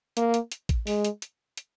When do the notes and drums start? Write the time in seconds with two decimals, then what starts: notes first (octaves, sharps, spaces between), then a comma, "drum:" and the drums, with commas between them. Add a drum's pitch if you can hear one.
0.17 A#3, drum: hi-hat
0.34 drum: hi-hat
0.52 drum: hi-hat
0.69 drum: kick A1, hi-hat
0.87 G#3, drum: open hi-hat
1.05 drum: hi-hat
1.22 drum: hi-hat
1.57 drum: hi-hat